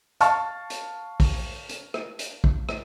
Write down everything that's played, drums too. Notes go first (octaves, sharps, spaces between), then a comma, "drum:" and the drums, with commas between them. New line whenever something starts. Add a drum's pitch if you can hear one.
F5 A5 C#6 F6, drum: hi-hat
drum: hi-hat
drum: kick, open hi-hat
drum: hi-hat
drum: rim click
drum: hi-hat
drum: kick
drum: rim click